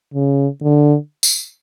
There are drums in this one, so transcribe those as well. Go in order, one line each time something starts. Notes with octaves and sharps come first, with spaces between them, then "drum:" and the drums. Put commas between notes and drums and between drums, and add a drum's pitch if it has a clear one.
C#3
D3
drum: tambourine